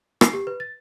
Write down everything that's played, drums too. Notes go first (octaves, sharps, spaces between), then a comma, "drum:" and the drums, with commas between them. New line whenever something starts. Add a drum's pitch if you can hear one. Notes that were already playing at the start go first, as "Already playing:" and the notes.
C7, drum: rim click
G4
B4
A6